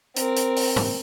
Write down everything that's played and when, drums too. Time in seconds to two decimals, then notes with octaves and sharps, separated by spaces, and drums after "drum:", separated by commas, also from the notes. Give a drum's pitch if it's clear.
0.16 C4 A#4, drum: hi-hat
0.36 drum: hi-hat
0.56 drum: open hi-hat
0.76 drum: tom